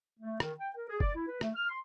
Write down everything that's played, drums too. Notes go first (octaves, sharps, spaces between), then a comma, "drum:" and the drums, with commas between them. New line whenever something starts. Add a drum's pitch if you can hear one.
A3
D#3, drum: rim click
G5
A#4
G#4
D5, drum: kick F1
E4
B4
A3, drum: rim click
F6
C6